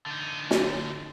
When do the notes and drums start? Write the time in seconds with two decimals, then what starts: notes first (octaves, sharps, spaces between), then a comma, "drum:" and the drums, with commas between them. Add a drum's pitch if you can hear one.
0.06 D3 D#4
0.51 drum: snare